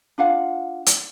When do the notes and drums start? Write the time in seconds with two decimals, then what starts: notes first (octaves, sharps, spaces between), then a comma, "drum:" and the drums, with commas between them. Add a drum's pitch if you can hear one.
0.18 D4 F4 F5 F#5
0.86 drum: hi-hat